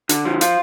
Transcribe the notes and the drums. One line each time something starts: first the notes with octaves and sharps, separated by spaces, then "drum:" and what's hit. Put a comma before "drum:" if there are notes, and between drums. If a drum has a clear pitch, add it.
D3, drum: hi-hat
F3
F4, drum: hi-hat